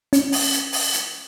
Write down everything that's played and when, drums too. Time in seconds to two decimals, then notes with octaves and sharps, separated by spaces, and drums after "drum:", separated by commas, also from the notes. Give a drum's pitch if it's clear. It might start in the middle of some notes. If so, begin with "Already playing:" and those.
0.13 C#4, drum: hi-hat
0.32 drum: open hi-hat
0.52 drum: hi-hat
0.73 drum: open hi-hat
0.93 drum: hi-hat